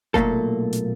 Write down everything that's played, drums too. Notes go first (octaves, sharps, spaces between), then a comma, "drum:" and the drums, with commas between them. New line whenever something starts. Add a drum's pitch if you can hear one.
B1 A#2 A3 A#3 A4, drum: kick F#1
drum: hi-hat